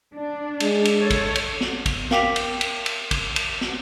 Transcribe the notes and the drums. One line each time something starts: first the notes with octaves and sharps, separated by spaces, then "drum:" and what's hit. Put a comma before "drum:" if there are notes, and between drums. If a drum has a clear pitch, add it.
D4
G#3, drum: cymbal
drum: cymbal
A4 C#5
drum: kick A1, cymbal
drum: cymbal
drum: snare
drum: kick A1, cymbal
A#4 F5 G5 D6 B6 F7, drum: snare
drum: cymbal
drum: cymbal
drum: cymbal
drum: kick A1, cymbal
drum: cymbal
drum: snare